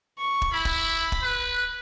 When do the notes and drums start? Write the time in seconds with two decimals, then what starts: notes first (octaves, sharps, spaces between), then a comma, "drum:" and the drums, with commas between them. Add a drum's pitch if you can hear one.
0.18 C#6
0.42 drum: kick
0.53 E4 B5
0.65 drum: kick
1.12 drum: kick
1.22 B4